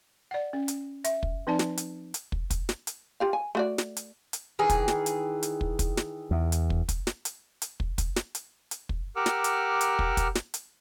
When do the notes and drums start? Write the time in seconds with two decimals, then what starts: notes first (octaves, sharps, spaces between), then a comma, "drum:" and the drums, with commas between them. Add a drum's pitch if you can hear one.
0.31 D5 F#5
0.53 C#4
0.68 drum: hi-hat
1.04 E5, drum: hi-hat
1.23 drum: kick
1.47 F3 C4 D#4 D5 A5
1.59 drum: snare
1.77 drum: hi-hat
2.14 drum: hi-hat
2.32 drum: kick
2.50 drum: kick, hi-hat
2.69 drum: snare
2.87 drum: hi-hat
3.20 F4 G4 F5
3.33 G#5
3.55 A3 F#4 D5
3.78 drum: snare
3.97 drum: hi-hat
4.33 drum: hi-hat
4.59 D#3 E3 G#4
4.70 drum: kick, hi-hat
4.88 drum: snare
5.06 drum: hi-hat
5.43 drum: hi-hat
5.61 drum: kick
5.79 drum: kick, hi-hat
5.97 drum: snare
6.31 E2
6.52 drum: hi-hat
6.70 drum: kick
6.89 drum: kick, hi-hat
7.07 drum: snare
7.25 drum: hi-hat
7.62 drum: hi-hat
7.80 drum: kick
7.98 drum: kick, hi-hat
8.16 drum: snare
8.35 drum: hi-hat
8.71 drum: hi-hat
8.89 drum: kick
9.16 G4 A#4 F#5 D6 E6 F6
9.26 drum: snare
9.44 drum: hi-hat
9.81 drum: hi-hat
9.99 drum: kick
10.17 drum: kick, hi-hat
10.35 drum: snare
10.54 drum: hi-hat